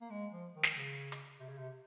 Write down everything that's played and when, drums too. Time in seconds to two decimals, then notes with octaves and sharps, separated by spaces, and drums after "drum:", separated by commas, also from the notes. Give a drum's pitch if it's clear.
0.01 A#3
0.11 G#3
0.32 F3
0.54 D#3
0.64 drum: snare
0.75 C#3
1.12 drum: hi-hat
1.40 C3
1.49 C#3
1.58 C3